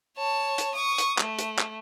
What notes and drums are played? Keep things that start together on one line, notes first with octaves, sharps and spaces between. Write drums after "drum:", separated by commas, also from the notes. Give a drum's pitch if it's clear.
C#5 A5
drum: hi-hat
C#6 D#6
drum: hi-hat
A3, drum: clap
drum: hi-hat
drum: clap